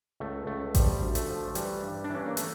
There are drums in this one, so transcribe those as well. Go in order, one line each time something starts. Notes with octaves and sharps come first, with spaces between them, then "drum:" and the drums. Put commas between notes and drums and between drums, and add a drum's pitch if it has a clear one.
C#2 A3
C#2 A3
F3 G3, drum: kick A1, hi-hat
D2
A3, drum: hi-hat
F3
E3 G3, drum: hi-hat
G2
D4
E3 C#4
A#3
A3, drum: hi-hat